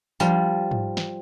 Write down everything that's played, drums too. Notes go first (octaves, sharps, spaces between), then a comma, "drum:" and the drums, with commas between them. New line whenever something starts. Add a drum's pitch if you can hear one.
F3 G3, drum: tambourine
drum: tom G#2
drum: snare